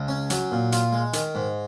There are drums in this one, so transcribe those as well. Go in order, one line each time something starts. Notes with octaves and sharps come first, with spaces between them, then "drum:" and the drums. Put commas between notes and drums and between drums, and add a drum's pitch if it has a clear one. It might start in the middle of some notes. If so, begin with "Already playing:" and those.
Already playing: C#2
C#4
F#3, drum: hi-hat
A#2
F4, drum: hi-hat
G#3
D#3, drum: hi-hat
G#2